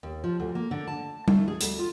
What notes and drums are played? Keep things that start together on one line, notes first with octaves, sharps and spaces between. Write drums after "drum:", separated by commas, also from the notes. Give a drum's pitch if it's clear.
D#2
F3
D2
A#3
D3
A5
A3, drum: tom G3
G#4
D2, drum: hi-hat
F4